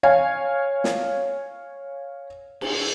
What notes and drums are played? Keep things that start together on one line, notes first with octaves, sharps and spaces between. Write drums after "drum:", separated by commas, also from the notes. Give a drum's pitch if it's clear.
C#5 F5 G#5
drum: snare
drum: cymbal